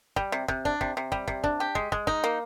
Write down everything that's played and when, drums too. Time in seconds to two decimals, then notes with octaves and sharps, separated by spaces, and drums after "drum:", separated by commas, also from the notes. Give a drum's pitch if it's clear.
0.16 G3, drum: kick
0.32 C3
0.48 C3, drum: kick
0.65 D4, drum: kick
0.81 C3, drum: kick
0.97 C3
1.12 G3, drum: kick
1.28 C3, drum: kick
1.44 D4, drum: kick
1.60 G4
1.75 G#3, drum: kick
1.92 G#3, drum: kick
2.07 D#4, drum: kick
2.24 A#3